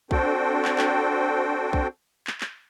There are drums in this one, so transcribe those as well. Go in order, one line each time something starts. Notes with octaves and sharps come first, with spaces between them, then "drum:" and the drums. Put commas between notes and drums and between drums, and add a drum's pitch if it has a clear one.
C4 D4 F#4 A4 C5 G5, drum: kick B1
drum: clap
drum: clap
drum: kick B1
drum: clap
drum: clap